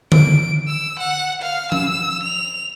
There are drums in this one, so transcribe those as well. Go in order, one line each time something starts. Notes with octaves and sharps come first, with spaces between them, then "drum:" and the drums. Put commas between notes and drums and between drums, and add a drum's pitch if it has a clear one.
D7, drum: tom D3
E6
F#5
F5
E6, drum: tom F3
F7